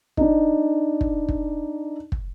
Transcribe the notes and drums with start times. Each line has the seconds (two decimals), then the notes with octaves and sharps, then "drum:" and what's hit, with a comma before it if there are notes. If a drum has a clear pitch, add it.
0.17 D4 D#4, drum: kick
1.01 drum: kick
1.29 drum: kick
2.12 drum: kick